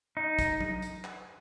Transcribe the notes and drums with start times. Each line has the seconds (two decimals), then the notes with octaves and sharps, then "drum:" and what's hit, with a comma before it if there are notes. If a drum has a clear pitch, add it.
0.17 D#4
0.39 drum: kick, hi-hat
0.60 drum: tom F#3
0.82 drum: hi-hat
1.04 drum: clap